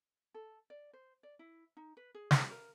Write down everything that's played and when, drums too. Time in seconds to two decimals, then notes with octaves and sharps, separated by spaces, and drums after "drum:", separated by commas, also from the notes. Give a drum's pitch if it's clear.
0.34 A4
0.70 D5
0.93 C5
1.23 D5
1.39 E4
1.77 D#4
1.97 B4
2.15 G#4
2.31 B4, drum: snare
2.51 A#4